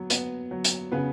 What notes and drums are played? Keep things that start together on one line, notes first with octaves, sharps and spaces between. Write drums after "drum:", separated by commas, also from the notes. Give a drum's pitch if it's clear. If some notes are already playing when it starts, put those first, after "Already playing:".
Already playing: F#3 B3
B3, drum: hi-hat
F#3
drum: hi-hat
C#3 B3 B4